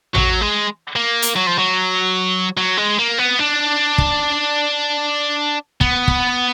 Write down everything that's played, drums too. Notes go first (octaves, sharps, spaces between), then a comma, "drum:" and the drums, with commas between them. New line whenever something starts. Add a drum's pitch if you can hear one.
F#3, drum: tom A1
G#3
A#3
drum: hi-hat
F#3
F3
F#3
F#3
G#3
A#3
B3
D4
drum: kick
B3, drum: kick
drum: kick